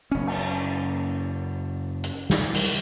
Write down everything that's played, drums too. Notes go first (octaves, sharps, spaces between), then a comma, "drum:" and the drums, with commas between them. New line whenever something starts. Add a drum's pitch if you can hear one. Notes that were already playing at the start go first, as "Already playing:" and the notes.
F#1 C#4
drum: cymbal
drum: hi-hat
drum: snare
drum: open hi-hat